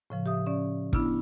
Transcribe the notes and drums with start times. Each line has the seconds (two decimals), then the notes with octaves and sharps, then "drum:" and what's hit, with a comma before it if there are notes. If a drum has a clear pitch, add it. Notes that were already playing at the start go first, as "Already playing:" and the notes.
0.10 A2 C#3 F3
0.26 G4 E5 D#6
0.47 C#4 D5
0.93 B3 D4 E4 E6 F6, drum: kick